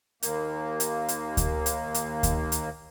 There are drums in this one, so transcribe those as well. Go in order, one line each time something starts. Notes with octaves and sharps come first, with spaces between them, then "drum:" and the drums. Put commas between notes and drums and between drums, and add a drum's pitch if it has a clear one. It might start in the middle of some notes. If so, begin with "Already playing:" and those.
D#2 A#3, drum: hi-hat
drum: hi-hat
drum: hi-hat
drum: kick D2, hi-hat
drum: hi-hat
drum: hi-hat
drum: kick D2, hi-hat
drum: hi-hat